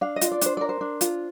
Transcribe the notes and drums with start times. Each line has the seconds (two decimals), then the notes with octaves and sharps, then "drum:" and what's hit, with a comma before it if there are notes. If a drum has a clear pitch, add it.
0.01 D4 F5
0.16 D#5
0.21 F4, drum: hi-hat
0.32 D5
0.42 D4 C5, drum: hi-hat
0.57 A#4 D5
0.69 C5
0.81 D4
1.01 F4, drum: hi-hat